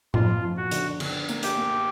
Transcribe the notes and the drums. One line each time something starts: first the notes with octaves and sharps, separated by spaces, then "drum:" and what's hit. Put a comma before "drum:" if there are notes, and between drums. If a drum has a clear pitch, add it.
F3 F4, drum: tom A2
F3
F#4
D3, drum: hi-hat
D3, drum: cymbal
A#3, drum: tambourine
G4, drum: hi-hat
A#3